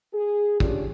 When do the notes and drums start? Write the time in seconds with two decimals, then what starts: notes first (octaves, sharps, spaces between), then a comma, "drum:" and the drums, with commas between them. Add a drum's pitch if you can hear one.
0.13 G#4
0.60 C#4 D4 F4 G4, drum: kick